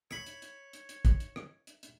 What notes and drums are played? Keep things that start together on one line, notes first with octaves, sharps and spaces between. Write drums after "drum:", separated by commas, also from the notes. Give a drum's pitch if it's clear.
C#5 B5 C#6, drum: rim click
drum: hi-hat
drum: hi-hat
drum: hi-hat
drum: hi-hat
drum: kick, hi-hat
drum: hi-hat
drum: rim click
drum: hi-hat
drum: hi-hat